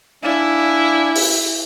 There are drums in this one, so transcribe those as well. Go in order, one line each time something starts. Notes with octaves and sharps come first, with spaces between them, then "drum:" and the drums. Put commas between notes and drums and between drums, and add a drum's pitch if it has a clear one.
D4 E4 F5 G#5
drum: open hi-hat